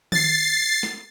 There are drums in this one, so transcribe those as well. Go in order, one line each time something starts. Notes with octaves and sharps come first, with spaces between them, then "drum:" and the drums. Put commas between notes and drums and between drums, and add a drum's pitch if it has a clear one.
A6 C7, drum: tom D#3
drum: snare